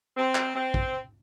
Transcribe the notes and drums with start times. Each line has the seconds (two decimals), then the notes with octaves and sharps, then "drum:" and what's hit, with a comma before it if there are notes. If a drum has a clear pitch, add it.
0.17 C4
0.35 drum: clap
0.55 C4
0.74 drum: kick